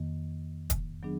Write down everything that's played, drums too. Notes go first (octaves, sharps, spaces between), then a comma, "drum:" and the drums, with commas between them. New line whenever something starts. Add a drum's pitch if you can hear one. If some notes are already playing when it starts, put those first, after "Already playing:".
Already playing: F2 D#3 A#3
drum: kick, hi-hat
D#3 F#3 B3 D4 G#4